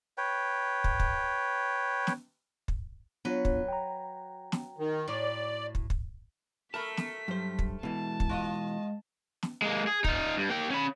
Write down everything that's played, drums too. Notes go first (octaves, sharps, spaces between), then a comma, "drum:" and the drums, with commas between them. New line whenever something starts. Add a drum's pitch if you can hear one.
B4 C#5 G5
drum: kick
drum: kick
drum: snare
drum: kick
F#3 B3 D4 F4 B4
drum: kick
G5 A#5
drum: snare
D#3
A2 D5
drum: kick
drum: kick
A3 A#4 A5 B5 B6
drum: snare
G2 F#3 C5
drum: kick
B2 E3 G#3 A5
drum: kick
F4 D#5
drum: snare
G#3 A#3
G#4
D#4 F4, drum: kick
G2
A#3 G5
C#4 B5